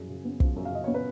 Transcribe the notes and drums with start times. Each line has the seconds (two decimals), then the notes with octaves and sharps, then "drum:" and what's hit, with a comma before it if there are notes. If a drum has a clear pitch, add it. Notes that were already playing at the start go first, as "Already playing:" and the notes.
Already playing: F#2 F3 G#4
0.09 C#3
0.25 B3
0.40 F3, drum: kick
0.56 F#2
0.65 F5
0.72 C#3 D#5
0.84 B3 C#5
0.94 B4